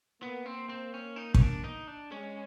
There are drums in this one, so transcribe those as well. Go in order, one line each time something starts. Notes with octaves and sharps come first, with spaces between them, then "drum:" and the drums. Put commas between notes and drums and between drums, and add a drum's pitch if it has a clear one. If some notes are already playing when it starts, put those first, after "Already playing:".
A#3 B3
C4
C4
C#4
D#4
C#4, drum: kick
D4
D#4
D4
G#3 C#4